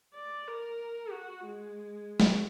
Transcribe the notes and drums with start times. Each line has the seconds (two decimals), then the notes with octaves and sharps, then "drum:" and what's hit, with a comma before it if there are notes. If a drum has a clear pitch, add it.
0.15 D5
0.47 A#4
1.12 F#4
1.44 G#3
2.20 drum: snare G#3